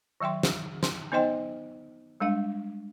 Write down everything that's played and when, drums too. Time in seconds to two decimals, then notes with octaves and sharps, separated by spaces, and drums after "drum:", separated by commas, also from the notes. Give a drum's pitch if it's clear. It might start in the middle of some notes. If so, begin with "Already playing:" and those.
0.20 D#3 F#3 E5 G5 C6
0.43 drum: snare
0.83 C6, drum: snare
1.12 B3 D#4 C5 D#5 G5 C6
2.20 G3 G#3 D4 F5